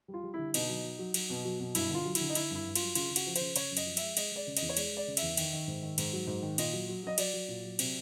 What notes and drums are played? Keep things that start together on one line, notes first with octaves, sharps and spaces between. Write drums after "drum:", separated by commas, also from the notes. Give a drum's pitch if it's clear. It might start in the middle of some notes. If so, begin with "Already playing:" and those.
G3
F4
G3
D3 E4
B2 D#4, drum: cymbal
F#3
F#3
F#3
F#3, drum: cymbal
B2
F#3
B2
G2 E4, drum: cymbal
D3 F4
F#3
E4, drum: cymbal
D3
D#4
D3 E4, drum: cymbal
G2 E4
G2
F4, drum: cymbal
F#3
C#3 F4, drum: cymbal
C#3
F#4, drum: cymbal
F3
C#3 C5, drum: cymbal
C#3 C#5, drum: cymbal
F#2
D#5, drum: cymbal
F3
G#3 E5, drum: cymbal
G#3 D#5, drum: cymbal
G#3 D5
C#3
D#5, drum: cymbal
E2
C#5
G#3 D5, drum: cymbal
G#3 D5
C#3
E5, drum: cymbal
E2
D#3, drum: cymbal
D#3
G#2
D#3
G#2, drum: cymbal
F#3
G#2
D#3
A#2 D#5, drum: cymbal
F#3
F#3
F#3 D#5
F#3 D5, drum: cymbal
F#3
A#2
F#3
C3, drum: cymbal